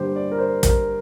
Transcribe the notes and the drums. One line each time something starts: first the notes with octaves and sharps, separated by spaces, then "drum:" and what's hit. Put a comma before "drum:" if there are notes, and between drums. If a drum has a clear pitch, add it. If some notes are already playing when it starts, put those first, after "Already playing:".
Already playing: G2 D3 G3 A#3 G4 C5
D5
A#4
C5
A#4, drum: kick, hi-hat